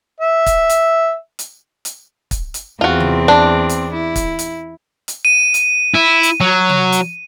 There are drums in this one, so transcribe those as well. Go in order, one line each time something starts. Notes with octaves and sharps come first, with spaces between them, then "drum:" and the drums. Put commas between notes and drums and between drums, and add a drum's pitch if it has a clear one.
E5
drum: kick, hi-hat
drum: hi-hat
drum: hi-hat
drum: hi-hat
drum: kick, hi-hat
drum: hi-hat
E2 C4 F4 F#4
drum: tom
D4
drum: hi-hat
E4
drum: kick, hi-hat
drum: hi-hat
drum: hi-hat
D#7
drum: hi-hat
E4
drum: hi-hat
F#3
drum: tom
drum: hi-hat